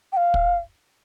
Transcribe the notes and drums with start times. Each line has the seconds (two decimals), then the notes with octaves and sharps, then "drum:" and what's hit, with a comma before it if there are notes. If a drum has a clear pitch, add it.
0.13 G5
0.17 F5
0.34 drum: kick